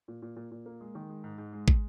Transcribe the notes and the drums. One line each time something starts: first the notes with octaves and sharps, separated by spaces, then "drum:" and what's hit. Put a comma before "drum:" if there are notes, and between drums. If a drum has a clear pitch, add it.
A#2
A#2
A#2
A#2
A#3
G#3
D#3
G#3
G#2
G#2
G#3
drum: kick